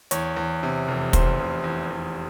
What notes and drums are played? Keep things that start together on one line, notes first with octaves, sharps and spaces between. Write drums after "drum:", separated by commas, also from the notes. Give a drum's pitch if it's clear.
E2 C#5, drum: hi-hat
E2
C3
F1
E2 C5, drum: kick, hi-hat
F1
E2
E2